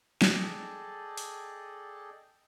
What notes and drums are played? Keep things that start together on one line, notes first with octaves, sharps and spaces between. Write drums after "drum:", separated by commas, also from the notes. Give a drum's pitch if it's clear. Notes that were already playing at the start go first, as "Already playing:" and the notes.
G#4 A4 D5 D#5 G5 A5, drum: snare
drum: open hi-hat